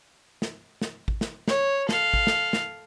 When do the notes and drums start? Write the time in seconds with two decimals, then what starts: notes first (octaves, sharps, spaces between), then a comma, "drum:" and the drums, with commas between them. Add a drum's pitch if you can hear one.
0.42 drum: snare
0.82 drum: snare
1.08 drum: kick
1.21 drum: snare
1.48 C#5, drum: snare
1.89 A4 F5, drum: snare
2.14 drum: kick
2.27 drum: snare
2.53 drum: snare